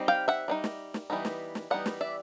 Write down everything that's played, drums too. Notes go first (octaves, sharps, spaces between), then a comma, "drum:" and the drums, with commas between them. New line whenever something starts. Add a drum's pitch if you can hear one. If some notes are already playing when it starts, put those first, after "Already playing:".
Already playing: G3 C4 D#4
F5 G5
E5 F#5
G3 C4 D#4
drum: snare
drum: snare
E3 G3 B3 D#4
drum: snare
drum: snare
E3 G3 B3 D#4 F#5
drum: snare
D5 E5